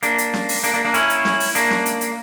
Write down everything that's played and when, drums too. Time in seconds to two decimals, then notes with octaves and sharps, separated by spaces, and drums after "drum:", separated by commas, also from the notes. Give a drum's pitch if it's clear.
0.03 A#3 D4, drum: hi-hat
0.18 drum: hi-hat
0.34 drum: snare C#4
0.49 drum: open hi-hat
0.64 A#3 D4, drum: hi-hat
0.74 A#3 D4
0.85 A#3 D4
0.94 C#4 E4, drum: hi-hat
1.10 drum: hi-hat
1.25 drum: snare C#4
1.40 drum: open hi-hat
1.55 A#3 D4, drum: hi-hat
1.70 drum: snare C#4
1.86 drum: hi-hat
2.01 drum: hi-hat